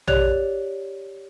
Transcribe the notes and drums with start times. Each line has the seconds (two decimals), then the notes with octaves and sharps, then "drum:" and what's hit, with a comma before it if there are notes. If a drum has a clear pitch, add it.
0.07 G4 C#5 D5 F#6 F7, drum: tom